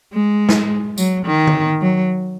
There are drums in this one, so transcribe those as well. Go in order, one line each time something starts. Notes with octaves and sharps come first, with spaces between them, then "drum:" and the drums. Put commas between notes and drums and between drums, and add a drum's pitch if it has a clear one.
G#3
drum: snare
F#3, drum: tambourine
D#3
drum: tom D3
F#3